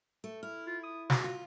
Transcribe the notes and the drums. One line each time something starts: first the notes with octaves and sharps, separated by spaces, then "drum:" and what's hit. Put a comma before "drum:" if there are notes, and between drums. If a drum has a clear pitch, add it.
A3
E4 F6
F4
D#6
F#4, drum: snare
F4